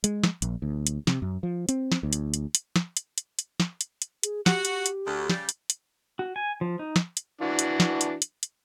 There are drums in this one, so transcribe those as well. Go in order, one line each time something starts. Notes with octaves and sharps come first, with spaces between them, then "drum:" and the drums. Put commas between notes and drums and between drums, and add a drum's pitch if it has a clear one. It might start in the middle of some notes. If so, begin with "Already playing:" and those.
G#3, drum: hi-hat
drum: snare
A#1, drum: hi-hat
D2
drum: hi-hat
C3, drum: snare
F#2
F3
C4, drum: hi-hat
drum: snare
D2
drum: hi-hat
drum: hi-hat
drum: hi-hat
drum: snare
drum: hi-hat
drum: hi-hat
drum: hi-hat
drum: snare
drum: hi-hat
drum: hi-hat
G#4, drum: hi-hat
F#4 G4, drum: snare
drum: hi-hat
drum: hi-hat
D2
C#3 G3, drum: snare
drum: hi-hat
drum: hi-hat
F#4
G#5
F3
D#4
drum: snare
drum: hi-hat
E3 D4 F#4
drum: hi-hat
drum: snare
drum: hi-hat
drum: hi-hat
drum: hi-hat